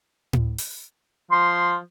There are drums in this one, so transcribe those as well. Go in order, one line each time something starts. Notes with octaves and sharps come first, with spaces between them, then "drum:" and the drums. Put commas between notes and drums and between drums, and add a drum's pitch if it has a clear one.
drum: tom A2
drum: open hi-hat
F3 C6